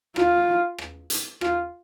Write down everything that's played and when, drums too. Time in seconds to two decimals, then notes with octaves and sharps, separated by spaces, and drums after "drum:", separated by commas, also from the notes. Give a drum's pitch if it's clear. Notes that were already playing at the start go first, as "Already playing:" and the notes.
0.16 F4, drum: rim click
0.78 drum: rim click
1.10 drum: hi-hat
1.41 F4, drum: rim click